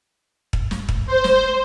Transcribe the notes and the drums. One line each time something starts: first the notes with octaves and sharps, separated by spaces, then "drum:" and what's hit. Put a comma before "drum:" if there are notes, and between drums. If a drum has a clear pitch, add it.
drum: kick
drum: snare
drum: kick
C5
drum: snare